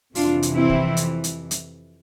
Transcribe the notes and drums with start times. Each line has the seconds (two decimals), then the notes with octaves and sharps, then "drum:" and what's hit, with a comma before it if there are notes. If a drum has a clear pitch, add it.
0.15 F2 C3 E3 D4 F4, drum: open hi-hat
0.42 drum: hi-hat
0.55 C4 E4
0.70 drum: kick
0.97 drum: hi-hat
1.24 drum: hi-hat
1.51 drum: hi-hat